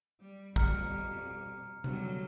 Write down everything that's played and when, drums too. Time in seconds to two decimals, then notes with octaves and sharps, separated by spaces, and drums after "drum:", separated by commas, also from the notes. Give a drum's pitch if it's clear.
0.21 G3
0.56 F2 B2 G3 A#5 F6 C#7, drum: kick
1.84 D3 F#3 G3, drum: tom C3